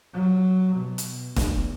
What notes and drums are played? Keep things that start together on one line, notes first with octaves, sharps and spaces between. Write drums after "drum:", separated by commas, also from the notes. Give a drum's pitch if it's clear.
F#3
B2
drum: hi-hat
E2, drum: snare E1